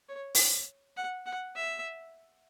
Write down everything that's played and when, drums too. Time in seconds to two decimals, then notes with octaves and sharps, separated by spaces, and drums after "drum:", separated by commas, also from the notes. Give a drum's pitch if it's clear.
0.09 C#5
0.35 drum: open hi-hat
0.97 F#5
1.26 F#5
1.56 E5